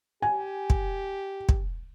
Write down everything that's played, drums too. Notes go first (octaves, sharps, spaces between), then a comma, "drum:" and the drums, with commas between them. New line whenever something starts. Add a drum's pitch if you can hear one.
G4 G#5
drum: kick
drum: kick